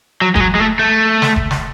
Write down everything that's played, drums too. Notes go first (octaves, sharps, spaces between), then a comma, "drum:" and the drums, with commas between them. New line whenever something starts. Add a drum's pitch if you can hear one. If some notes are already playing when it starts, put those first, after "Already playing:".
F#3
G#3, drum: kick F1
F#3
G#3
A3
A3
drum: snare
drum: kick F1
drum: snare